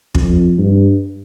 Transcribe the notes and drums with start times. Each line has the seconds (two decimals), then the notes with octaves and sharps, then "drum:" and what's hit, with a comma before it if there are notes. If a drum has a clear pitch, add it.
0.15 F2, drum: kick
0.58 G2